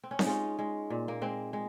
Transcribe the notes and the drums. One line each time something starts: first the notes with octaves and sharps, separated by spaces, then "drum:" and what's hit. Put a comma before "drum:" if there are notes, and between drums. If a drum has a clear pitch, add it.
C4
C#4
D#4, drum: snare C4
G#3 C#4 F4
G#3
A#2
A#3
G#3 C4
G#3